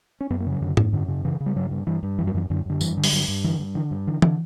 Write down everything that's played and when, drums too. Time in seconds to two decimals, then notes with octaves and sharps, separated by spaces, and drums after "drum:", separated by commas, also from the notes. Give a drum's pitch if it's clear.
0.21 C#4
0.30 F#2 B3
0.40 A#3
0.47 C#3 F#3
0.61 F#2 D3
0.77 F#2, drum: tom G#2
0.93 F#2 D3
1.08 C#3
1.25 C#3 E3
1.40 C#3
1.46 G3
1.56 G2 F#3
1.71 G2
1.87 G2 E3
2.03 G2
2.18 F#2 E3
2.27 F#3
2.34 F#2 E3
2.50 F#2 D3
2.66 F#2 D3
2.81 G2 E3, drum: tambourine
2.97 D3
3.04 G3, drum: open hi-hat
3.13 G2 F#3
3.28 G2
3.44 D3 E3
3.59 G2
3.75 D3 E3
3.91 G2
4.07 D3 E3
4.22 D3, drum: tom E3